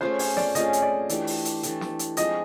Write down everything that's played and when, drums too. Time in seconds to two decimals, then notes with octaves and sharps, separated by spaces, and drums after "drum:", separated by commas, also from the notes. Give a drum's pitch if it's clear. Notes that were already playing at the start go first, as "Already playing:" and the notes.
0.01 A3 C#4 F4 G#4 C5
0.19 C#5, drum: open hi-hat
0.37 D5, drum: snare
0.55 A3 C#4 F4 G#4 D#5, drum: hi-hat
0.73 drum: hi-hat
0.82 D5
1.09 E3 A3 D4 G4, drum: hi-hat
1.27 drum: open hi-hat
1.45 drum: hi-hat
1.63 E3 A3 D4 G4, drum: hi-hat
1.81 drum: snare
1.99 drum: hi-hat
2.17 F3 G#3 C4 D#5, drum: hi-hat